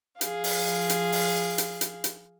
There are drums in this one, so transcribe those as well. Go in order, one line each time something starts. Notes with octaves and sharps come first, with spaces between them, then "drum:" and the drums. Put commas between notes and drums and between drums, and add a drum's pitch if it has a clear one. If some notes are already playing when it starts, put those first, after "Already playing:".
F3 G#4 F5, drum: hi-hat
drum: open hi-hat
drum: hi-hat
drum: open hi-hat
drum: hi-hat
drum: hi-hat
drum: hi-hat